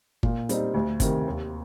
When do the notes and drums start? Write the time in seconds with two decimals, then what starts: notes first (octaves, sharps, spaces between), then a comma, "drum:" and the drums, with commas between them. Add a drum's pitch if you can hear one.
0.23 A#2, drum: kick G1
0.49 G3 C4 D#4, drum: hi-hat
0.74 D2
1.00 C3 D#3, drum: kick G1, hi-hat
1.26 D#2